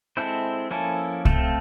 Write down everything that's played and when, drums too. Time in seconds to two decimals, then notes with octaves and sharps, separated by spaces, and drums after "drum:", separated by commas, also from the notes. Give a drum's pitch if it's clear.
0.17 G#3 C4 E4 A4 C5
0.71 F3 A#3 C#4 E4 A4
1.25 F3 A3 C4 F4 A4, drum: kick C2